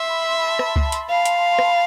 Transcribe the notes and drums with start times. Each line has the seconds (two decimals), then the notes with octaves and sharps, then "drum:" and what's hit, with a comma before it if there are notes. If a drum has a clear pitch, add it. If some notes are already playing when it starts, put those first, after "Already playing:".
Already playing: E5 C6
0.09 B5
0.42 A5
0.59 drum: rim click
0.76 drum: kick C#2
0.92 drum: hi-hat
1.09 F5
1.25 drum: hi-hat
1.59 drum: rim click